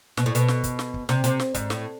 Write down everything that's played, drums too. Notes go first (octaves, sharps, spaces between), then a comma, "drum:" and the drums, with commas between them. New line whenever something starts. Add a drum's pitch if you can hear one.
B2, drum: snare
A2
B2, drum: hi-hat
drum: snare
drum: kick, hi-hat
drum: snare
drum: kick
C3, drum: snare
C3, drum: hi-hat
drum: snare
G#2, drum: kick, hi-hat
A2, drum: snare